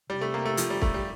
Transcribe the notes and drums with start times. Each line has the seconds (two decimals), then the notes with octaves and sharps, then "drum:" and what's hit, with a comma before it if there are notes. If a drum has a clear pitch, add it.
0.10 C3 G3
0.21 A3
0.34 A#3
0.45 A3
0.57 F3, drum: hi-hat
0.70 G3
0.82 A3, drum: kick
0.94 G3